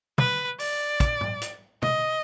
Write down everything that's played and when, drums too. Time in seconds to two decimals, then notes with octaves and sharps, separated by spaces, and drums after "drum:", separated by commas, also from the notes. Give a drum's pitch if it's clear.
0.18 B4, drum: tom
0.60 D5, drum: open hi-hat
1.00 drum: kick, hi-hat
1.21 drum: tom G#2
1.41 drum: hi-hat
1.82 D#5, drum: tom